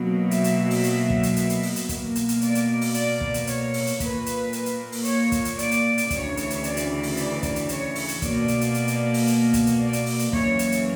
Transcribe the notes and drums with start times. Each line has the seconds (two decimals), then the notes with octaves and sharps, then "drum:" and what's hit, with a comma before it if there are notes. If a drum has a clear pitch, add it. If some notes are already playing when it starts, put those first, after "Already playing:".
Already playing: B2 F#3 A#3
0.31 E5, drum: hi-hat
0.44 drum: hi-hat
0.71 drum: open hi-hat
0.84 drum: hi-hat
1.10 drum: kick
1.23 drum: hi-hat
1.36 drum: hi-hat
1.50 drum: hi-hat
1.63 drum: open hi-hat
1.76 drum: hi-hat
1.89 B2 A#3, drum: kick, hi-hat
2.15 drum: hi-hat
2.29 drum: hi-hat
2.42 D5, drum: hi-hat
2.55 drum: hi-hat
2.81 drum: open hi-hat
2.94 D5, drum: hi-hat
3.21 drum: kick
3.34 drum: hi-hat
3.47 C#5, drum: hi-hat
3.74 drum: open hi-hat
3.87 drum: hi-hat
4.00 A#2 A#3 B4, drum: kick, hi-hat
4.26 drum: hi-hat
4.53 drum: hi-hat
4.66 drum: hi-hat
4.92 drum: open hi-hat
5.05 C#5, drum: hi-hat
5.32 drum: kick, hi-hat
5.45 drum: hi-hat
5.59 D5, drum: hi-hat
5.71 drum: hi-hat
5.98 drum: hi-hat
6.10 D2 C#3 E3 C#5, drum: kick, hi-hat
6.37 drum: hi-hat
6.50 drum: hi-hat
6.64 D5, drum: hi-hat
6.77 drum: hi-hat
7.03 drum: open hi-hat
7.17 D5, drum: hi-hat
7.43 drum: kick, hi-hat
7.56 drum: hi-hat
7.69 C#5, drum: hi-hat
7.95 drum: open hi-hat
8.09 drum: hi-hat
8.22 B2 A#3 D5, drum: kick, hi-hat
8.48 drum: hi-hat
8.61 drum: hi-hat
8.74 drum: hi-hat
8.88 drum: hi-hat
9.14 drum: open hi-hat
9.27 drum: hi-hat
9.54 drum: kick, hi-hat
9.67 drum: hi-hat
9.80 D5
9.93 drum: hi-hat
10.06 drum: open hi-hat
10.19 drum: hi-hat
10.33 F#2 E3 A#3 C#5, drum: kick
10.59 drum: hi-hat
10.72 drum: hi-hat